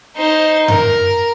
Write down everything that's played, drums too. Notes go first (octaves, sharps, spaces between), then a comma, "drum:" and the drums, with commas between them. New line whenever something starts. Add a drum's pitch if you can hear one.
D#4 C5
A#4, drum: tom F#2